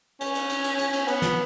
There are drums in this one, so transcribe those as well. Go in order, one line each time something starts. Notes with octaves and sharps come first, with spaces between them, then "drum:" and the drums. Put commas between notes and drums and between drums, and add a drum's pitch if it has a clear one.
C#4, drum: cymbal
drum: cymbal
drum: cymbal
drum: cymbal
drum: cymbal
drum: cymbal
B3, drum: cymbal
drum: snare